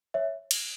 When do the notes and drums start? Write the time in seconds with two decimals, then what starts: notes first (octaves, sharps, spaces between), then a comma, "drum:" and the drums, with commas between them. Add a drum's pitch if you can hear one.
0.14 C#5 E5
0.51 drum: cymbal